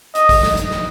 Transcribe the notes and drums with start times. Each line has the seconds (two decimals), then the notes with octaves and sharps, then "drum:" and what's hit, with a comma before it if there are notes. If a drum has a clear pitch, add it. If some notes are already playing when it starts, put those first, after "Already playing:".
0.15 D#5, drum: hi-hat
0.29 drum: kick, open hi-hat
0.43 drum: snare
0.57 drum: hi-hat
0.71 drum: snare